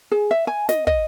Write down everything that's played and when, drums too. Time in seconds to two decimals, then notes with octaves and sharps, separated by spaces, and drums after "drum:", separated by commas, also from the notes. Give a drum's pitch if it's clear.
0.12 G#4
0.31 E5
0.47 G#5
0.69 D#5, drum: snare
0.87 D#5, drum: kick